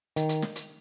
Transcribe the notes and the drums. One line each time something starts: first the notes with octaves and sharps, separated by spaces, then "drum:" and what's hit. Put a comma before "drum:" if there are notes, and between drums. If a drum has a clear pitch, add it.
D#3, drum: hi-hat
drum: hi-hat
drum: snare
drum: hi-hat